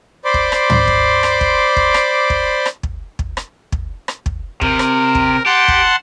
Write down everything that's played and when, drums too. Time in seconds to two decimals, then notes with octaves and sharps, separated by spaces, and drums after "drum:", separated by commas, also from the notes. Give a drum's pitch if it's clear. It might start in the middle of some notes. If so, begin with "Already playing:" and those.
0.25 C5 D5 B5 C6 D6
0.34 drum: kick
0.52 drum: rim click
0.70 drum: tom
0.88 drum: kick
1.23 drum: rim click
1.41 drum: kick
1.77 drum: kick
1.94 drum: rim click
2.30 drum: kick
2.66 drum: rim click
2.83 drum: kick
3.19 drum: kick
3.37 drum: rim click
3.72 drum: kick
4.08 drum: rim click
4.26 drum: kick
4.61 C3 A#4, drum: kick
4.79 drum: rim click
5.15 drum: kick
5.46 G4 F#5 A5 C6
5.68 drum: kick